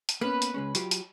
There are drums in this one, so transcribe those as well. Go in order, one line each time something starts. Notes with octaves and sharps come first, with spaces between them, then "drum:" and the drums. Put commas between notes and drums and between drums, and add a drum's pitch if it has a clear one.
drum: hi-hat
A#3 B3 C#4 B4
drum: hi-hat
C#2 G#3 C#4
F#3 F4 G4, drum: hi-hat
drum: hi-hat